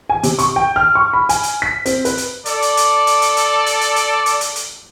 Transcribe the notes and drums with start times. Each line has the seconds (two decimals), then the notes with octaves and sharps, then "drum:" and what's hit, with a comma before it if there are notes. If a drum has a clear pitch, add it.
0.10 G#5
0.23 C3, drum: hi-hat
0.39 C#6, drum: hi-hat
0.56 G5
0.76 F6
0.95 C#6
1.13 B5
1.29 G#5, drum: hi-hat
1.43 drum: hi-hat
1.62 B6
1.86 C4, drum: hi-hat
2.05 B4, drum: hi-hat
2.18 drum: hi-hat
2.46 A4 D5, drum: hi-hat
2.62 drum: hi-hat
2.77 drum: hi-hat
3.07 drum: hi-hat
3.22 drum: hi-hat
3.37 drum: hi-hat
3.66 drum: hi-hat
3.81 drum: hi-hat
3.96 drum: hi-hat
4.26 drum: hi-hat
4.41 drum: hi-hat
4.56 drum: hi-hat